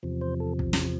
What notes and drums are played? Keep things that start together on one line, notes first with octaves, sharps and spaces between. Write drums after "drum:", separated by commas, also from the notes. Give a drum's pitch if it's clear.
E2 C3 F3
C5
A4
drum: kick
drum: snare